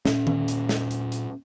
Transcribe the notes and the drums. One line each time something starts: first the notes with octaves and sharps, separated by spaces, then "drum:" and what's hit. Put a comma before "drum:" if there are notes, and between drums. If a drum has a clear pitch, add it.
A#2 C#4, drum: snare
drum: tom D#3
drum: hi-hat
drum: snare
drum: hi-hat
drum: hi-hat